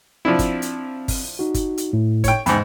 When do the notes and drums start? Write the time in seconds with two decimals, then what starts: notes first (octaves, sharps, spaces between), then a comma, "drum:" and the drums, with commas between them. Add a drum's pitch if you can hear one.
0.25 F3 C4 D4 E4
0.39 drum: kick G1, hi-hat
0.62 drum: hi-hat
1.08 drum: kick G1, open hi-hat
1.39 D#4 F#4
1.54 drum: kick G1, hi-hat
1.78 drum: hi-hat
1.93 A2
2.24 C#5 G5, drum: kick G1, hi-hat
2.46 E2 G#2 G5 B5, drum: hi-hat